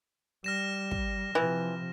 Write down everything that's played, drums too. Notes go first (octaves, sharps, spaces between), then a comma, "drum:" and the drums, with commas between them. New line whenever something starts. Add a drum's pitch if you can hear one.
G3 F6 A#6 E7
drum: kick
C3 E3 F3